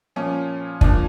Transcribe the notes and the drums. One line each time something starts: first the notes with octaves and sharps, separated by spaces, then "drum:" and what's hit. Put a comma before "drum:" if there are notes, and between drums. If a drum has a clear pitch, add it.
A#2 F3 C#4
A#2 F3 D4, drum: kick